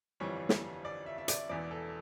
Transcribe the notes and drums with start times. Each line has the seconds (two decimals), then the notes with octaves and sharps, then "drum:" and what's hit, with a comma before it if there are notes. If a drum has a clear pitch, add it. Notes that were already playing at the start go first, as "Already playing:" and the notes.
0.20 G1 F2 E3 G3 C#5
0.49 drum: snare
0.85 D5
1.06 E5
1.18 E5
1.28 D5, drum: hi-hat
1.49 E1 E2 E3 D5
1.71 A4